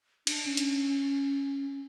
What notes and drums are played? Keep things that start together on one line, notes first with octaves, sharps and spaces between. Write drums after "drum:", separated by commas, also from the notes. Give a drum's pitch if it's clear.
D4, drum: cymbal
C#4
drum: hi-hat